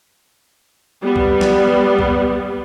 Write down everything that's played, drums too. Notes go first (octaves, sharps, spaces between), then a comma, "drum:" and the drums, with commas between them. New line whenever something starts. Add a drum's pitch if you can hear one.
G3 B3
drum: kick
drum: snare
drum: kick